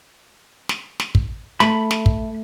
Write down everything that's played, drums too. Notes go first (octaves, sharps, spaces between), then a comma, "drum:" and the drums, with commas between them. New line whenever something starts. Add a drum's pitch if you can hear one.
drum: snare
drum: snare
drum: kick
A3 B5, drum: snare
drum: snare
drum: kick